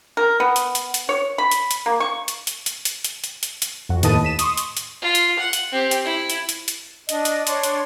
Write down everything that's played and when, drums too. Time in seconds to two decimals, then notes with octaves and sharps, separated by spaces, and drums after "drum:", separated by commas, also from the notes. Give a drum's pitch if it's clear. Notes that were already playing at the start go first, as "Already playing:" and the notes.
0.17 A#4
0.40 B3
0.56 drum: hi-hat
0.75 drum: hi-hat
0.94 drum: hi-hat
1.09 C#5
1.38 B5
1.51 drum: hi-hat
1.71 drum: hi-hat
1.86 A#3
2.00 C#6
2.28 drum: hi-hat
2.47 drum: hi-hat
2.66 drum: hi-hat
2.85 drum: hi-hat
3.04 drum: hi-hat
3.24 drum: hi-hat
3.43 drum: hi-hat
3.62 drum: hi-hat
3.89 F2 F#4
4.03 D#2 A2 B4 D#5 A5 D#7, drum: hi-hat
4.24 B6 E7
4.39 C6 C#6 D#6, drum: hi-hat
4.57 drum: hi-hat
4.77 drum: hi-hat
5.02 F4
5.15 drum: hi-hat
5.39 F#5
5.53 drum: hi-hat
5.72 C4 G4
5.91 drum: hi-hat
6.05 E4
6.30 drum: hi-hat
6.49 drum: hi-hat
6.68 drum: hi-hat
7.09 D4 D#5, drum: hi-hat
7.25 drum: hi-hat
7.47 D4 C#5 C6 D6, drum: hi-hat
7.63 drum: hi-hat